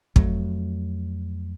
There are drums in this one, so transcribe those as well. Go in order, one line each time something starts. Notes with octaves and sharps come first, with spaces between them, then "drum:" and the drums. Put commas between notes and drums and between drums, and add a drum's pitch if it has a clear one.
F2 F#3 A3, drum: kick